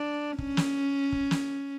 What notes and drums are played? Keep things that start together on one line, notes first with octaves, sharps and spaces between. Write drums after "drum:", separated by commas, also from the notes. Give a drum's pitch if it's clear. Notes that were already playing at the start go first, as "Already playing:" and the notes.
Already playing: D4
C#4, drum: kick
drum: snare
drum: kick
drum: snare